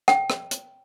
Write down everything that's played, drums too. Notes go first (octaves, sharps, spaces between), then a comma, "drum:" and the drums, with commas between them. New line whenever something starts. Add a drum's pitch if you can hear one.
G5, drum: rim click
drum: rim click
drum: hi-hat